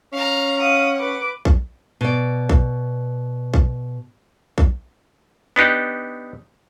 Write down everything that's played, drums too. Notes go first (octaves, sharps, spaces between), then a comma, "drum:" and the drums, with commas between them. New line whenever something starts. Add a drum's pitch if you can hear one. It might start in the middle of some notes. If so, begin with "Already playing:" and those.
C#4 F5 A#5
F5 F#5 D#6
B4 D6
drum: kick B1
B2 D5
drum: kick B1
drum: kick B1
drum: kick B1
B3 D4 D#4 G4